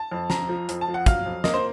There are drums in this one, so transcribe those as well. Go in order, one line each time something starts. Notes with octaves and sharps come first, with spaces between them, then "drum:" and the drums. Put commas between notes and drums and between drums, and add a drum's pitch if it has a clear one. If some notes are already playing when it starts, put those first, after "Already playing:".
Already playing: A5
F2
F2 A#5, drum: snare
F3
F2, drum: hi-hat
A5
F3
F#5
F#3 F5, drum: kick, hi-hat
F2
A#3 D#5, drum: snare
C5